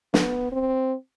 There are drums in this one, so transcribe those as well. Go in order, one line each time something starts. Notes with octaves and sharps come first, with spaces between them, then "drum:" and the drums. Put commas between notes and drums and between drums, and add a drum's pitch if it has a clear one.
B3, drum: snare
C4